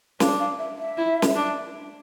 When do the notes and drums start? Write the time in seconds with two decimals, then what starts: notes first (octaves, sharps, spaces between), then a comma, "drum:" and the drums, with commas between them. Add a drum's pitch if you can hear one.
0.20 D4 F5, drum: snare
0.40 F5
0.59 E5
0.78 E5
0.97 E4
1.22 drum: snare
1.35 D4